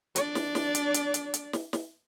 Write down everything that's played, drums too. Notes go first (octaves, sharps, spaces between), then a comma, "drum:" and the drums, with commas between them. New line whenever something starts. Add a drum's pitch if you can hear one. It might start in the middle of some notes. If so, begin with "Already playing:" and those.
D4 D5, drum: hi-hat
drum: snare
drum: snare
drum: hi-hat
drum: hi-hat
drum: hi-hat
drum: hi-hat
drum: snare
drum: snare